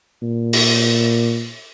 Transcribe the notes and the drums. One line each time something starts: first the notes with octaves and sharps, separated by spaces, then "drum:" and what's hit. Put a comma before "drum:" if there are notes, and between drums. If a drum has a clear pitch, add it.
A#2
drum: open hi-hat